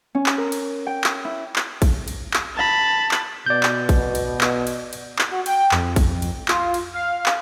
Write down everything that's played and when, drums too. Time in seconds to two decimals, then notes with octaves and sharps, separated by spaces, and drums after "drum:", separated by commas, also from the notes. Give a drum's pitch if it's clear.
0.15 C#4
0.26 drum: clap
0.38 A#4
0.52 drum: cymbal
0.87 G5
1.04 drum: clap
1.25 E4
1.56 drum: clap
1.82 drum: kick A1, cymbal
2.08 drum: cymbal
2.34 drum: clap
2.55 A5 B5
3.11 drum: clap
3.46 B2 D5 G6
3.63 drum: clap
3.89 drum: kick A1, cymbal
4.15 drum: cymbal
4.41 drum: clap
4.67 drum: cymbal
4.93 drum: cymbal
5.19 drum: clap
5.31 F#4
5.46 G5, drum: cymbal
5.71 F2, drum: clap
5.96 drum: kick A1, cymbal
6.22 drum: cymbal
6.48 F4, drum: clap
6.74 drum: cymbal
6.93 F5
7.26 drum: clap